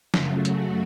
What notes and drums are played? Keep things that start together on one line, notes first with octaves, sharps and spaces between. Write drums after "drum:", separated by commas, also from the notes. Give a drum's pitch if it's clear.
F#2 C#3 F#3 A3 F4, drum: snare
F#4, drum: hi-hat